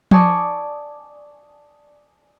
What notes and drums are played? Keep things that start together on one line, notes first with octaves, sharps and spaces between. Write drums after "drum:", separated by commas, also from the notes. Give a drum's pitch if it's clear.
D5 G#5 A5 C#6 D#6 G#6, drum: tom F3